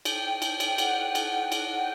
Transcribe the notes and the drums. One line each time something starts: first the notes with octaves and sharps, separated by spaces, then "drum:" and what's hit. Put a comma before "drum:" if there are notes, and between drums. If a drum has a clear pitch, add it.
G5, drum: cymbal
drum: cymbal
drum: cymbal
F#5, drum: cymbal
drum: cymbal
F#5, drum: cymbal
G5